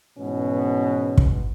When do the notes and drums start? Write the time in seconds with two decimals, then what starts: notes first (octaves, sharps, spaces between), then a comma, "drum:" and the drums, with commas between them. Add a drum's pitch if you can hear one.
0.19 G#2 B2 E3 B3 C#4
1.18 drum: kick